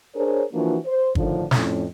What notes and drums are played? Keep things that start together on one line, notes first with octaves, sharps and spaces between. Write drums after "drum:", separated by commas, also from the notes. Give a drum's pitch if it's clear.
D4 G#4 A#4 C5 C#5
E3 F3 A#3 D4 F4 F#4
C5
A2 D3 D#3 F3 D4, drum: kick G1
F2 A2 C#4, drum: snare